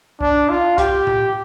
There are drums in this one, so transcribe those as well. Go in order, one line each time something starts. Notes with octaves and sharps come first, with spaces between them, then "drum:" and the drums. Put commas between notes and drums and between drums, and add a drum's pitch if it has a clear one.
D4, drum: kick C2
F4
G4, drum: kick C2, hi-hat
drum: tom A2